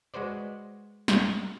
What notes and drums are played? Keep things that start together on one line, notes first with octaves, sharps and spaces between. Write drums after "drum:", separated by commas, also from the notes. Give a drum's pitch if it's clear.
G#3 F#4 B4 C5 D5
drum: snare